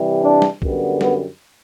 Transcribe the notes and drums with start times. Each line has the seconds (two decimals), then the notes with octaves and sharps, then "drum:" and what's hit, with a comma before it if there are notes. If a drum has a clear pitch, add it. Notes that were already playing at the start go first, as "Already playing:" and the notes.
Already playing: C3 E3 G3
0.22 D4
0.42 drum: snare
0.62 F#2 D3 G3 B3, drum: kick A#1
1.01 B3, drum: snare